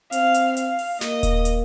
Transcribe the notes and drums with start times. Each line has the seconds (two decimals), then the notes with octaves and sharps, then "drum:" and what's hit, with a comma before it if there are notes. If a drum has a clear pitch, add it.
0.12 C4 F5, drum: hi-hat
0.34 drum: hi-hat
0.57 F5, drum: hi-hat
0.79 drum: open hi-hat
1.01 A#3 D#5, drum: snare
1.23 drum: kick D#1, hi-hat
1.45 drum: hi-hat